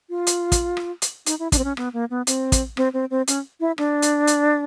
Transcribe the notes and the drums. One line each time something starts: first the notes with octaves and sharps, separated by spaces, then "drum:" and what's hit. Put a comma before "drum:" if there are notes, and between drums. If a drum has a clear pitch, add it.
F4
drum: hi-hat
drum: kick, hi-hat
drum: rim click
drum: hi-hat
D#4, drum: hi-hat
E4
D4, drum: kick, hi-hat
C4
C#4
B3, drum: rim click
A#3
B3
C4, drum: hi-hat
drum: kick, hi-hat
C4, drum: rim click
C4
C4
C#4, drum: hi-hat
E4
D4, drum: rim click
drum: hi-hat
drum: hi-hat